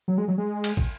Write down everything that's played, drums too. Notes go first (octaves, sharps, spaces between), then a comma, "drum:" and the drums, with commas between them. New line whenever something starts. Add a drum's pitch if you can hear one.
F#3
G#3
F#3
G#3
drum: cymbal
drum: kick